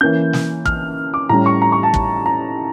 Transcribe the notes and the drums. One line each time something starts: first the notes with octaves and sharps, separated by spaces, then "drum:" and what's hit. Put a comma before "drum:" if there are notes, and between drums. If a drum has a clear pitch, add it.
E3 A#3 C#4 G6
drum: snare
F6, drum: kick
D6
A2 G3 C#4 A#5
C#6
A#5
C#6
A5
drum: kick
A#5